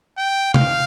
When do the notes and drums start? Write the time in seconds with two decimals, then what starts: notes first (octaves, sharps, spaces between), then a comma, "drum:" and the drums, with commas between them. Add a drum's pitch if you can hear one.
0.18 G5
0.54 F5, drum: tom C3